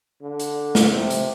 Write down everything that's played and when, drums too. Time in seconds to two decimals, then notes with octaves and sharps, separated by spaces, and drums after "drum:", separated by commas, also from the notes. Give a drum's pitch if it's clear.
0.22 D3
0.40 drum: hi-hat
0.75 drum: snare
0.93 C3
1.10 drum: hi-hat